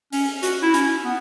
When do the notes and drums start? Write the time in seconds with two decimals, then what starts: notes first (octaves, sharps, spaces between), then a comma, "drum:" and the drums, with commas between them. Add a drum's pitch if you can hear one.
0.13 C#4, drum: open hi-hat
0.43 F#4, drum: hi-hat
0.62 E4
0.74 C#4, drum: hi-hat
1.04 B3